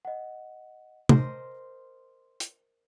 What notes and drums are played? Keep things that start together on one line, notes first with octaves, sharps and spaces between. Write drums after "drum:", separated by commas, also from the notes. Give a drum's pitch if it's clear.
D#5 F#5
A#4 C5 D#5 C6, drum: tom
drum: hi-hat